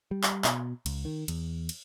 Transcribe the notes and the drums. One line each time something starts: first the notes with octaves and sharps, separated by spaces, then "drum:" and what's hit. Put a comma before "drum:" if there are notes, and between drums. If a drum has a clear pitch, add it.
G3
drum: clap
B2, drum: clap
C#2, drum: cymbal
D#3
E2, drum: cymbal
drum: cymbal